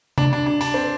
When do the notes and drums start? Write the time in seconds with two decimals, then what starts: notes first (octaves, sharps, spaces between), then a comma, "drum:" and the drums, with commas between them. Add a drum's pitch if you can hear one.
0.18 D4, drum: tom C3
0.33 D4
0.46 D4
0.61 D4, drum: open hi-hat
0.74 C4